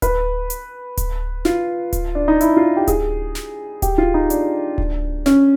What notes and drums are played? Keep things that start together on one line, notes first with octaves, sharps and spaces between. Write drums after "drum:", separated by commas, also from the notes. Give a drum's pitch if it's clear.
B4, drum: kick D1, hi-hat
drum: hi-hat
drum: kick D1, hi-hat
F4, drum: snare
drum: kick D1, hi-hat
D4
D#4
E4, drum: hi-hat
F4
G4
G#4, drum: kick D1, hi-hat
drum: snare
G4, drum: kick D1, hi-hat
F4
D#4
D4, drum: hi-hat
drum: kick D1
C#4, drum: snare